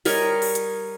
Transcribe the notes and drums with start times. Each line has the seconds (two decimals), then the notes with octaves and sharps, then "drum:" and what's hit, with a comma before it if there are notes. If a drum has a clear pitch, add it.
0.05 G3 A#4 C#5 D#5, drum: open hi-hat
0.42 drum: open hi-hat
0.55 drum: hi-hat